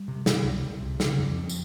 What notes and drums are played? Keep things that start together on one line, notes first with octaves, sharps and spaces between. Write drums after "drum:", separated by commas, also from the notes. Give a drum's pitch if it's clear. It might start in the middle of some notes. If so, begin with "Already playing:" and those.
Already playing: G3
C3
C3, drum: snare
C2
C2
C3
C#3, drum: snare
F2
F2
drum: tambourine